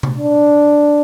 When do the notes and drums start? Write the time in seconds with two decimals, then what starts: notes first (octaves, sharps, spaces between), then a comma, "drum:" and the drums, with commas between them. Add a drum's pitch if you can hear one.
0.03 drum: tom C3
0.17 D4